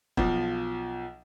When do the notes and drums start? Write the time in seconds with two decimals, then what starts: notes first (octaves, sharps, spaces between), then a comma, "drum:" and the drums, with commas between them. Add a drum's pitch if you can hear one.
0.17 B1 F3, drum: kick E1